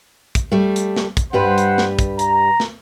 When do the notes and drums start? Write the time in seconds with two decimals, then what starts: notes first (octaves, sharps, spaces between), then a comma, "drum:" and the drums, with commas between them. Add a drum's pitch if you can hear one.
0.35 drum: kick, hi-hat
0.52 G3 A3
0.76 drum: hi-hat
0.96 drum: snare
1.17 drum: kick, hi-hat
1.33 G2 G3 B4 C5 F#5
1.58 drum: hi-hat
1.78 drum: snare
1.99 drum: kick, hi-hat
2.19 A#5, drum: hi-hat
2.60 drum: snare